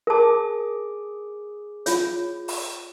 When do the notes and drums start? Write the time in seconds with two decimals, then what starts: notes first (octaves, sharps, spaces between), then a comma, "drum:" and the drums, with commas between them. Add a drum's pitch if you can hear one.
0.07 G#4 A#4 A5 D6
1.86 F4 C#5, drum: hi-hat
2.48 drum: open hi-hat